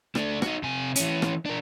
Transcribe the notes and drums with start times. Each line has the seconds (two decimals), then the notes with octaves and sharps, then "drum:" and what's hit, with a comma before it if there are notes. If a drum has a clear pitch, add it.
0.15 A3 D4, drum: rim click
0.42 D#4 F#4, drum: rim click
0.63 C3 G#5
0.96 E3 C#4, drum: hi-hat
1.22 drum: rim click
1.46 D4 A#4